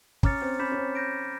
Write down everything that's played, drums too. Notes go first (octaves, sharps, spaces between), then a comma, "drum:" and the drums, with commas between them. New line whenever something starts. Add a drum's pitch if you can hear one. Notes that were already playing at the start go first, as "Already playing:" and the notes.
C#4 A#5 D6 F6 A6 C#7, drum: kick
C4
C#4 B5 D6 G6 B6 E7
C#4
C4
G6 A#6 D7